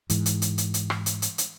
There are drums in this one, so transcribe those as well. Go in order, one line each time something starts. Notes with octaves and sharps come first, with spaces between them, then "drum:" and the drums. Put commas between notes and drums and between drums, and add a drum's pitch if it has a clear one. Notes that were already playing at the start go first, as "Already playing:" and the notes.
G#2 E3, drum: hi-hat
drum: hi-hat
drum: hi-hat
drum: hi-hat
drum: hi-hat
drum: rim click
drum: hi-hat
drum: hi-hat
drum: hi-hat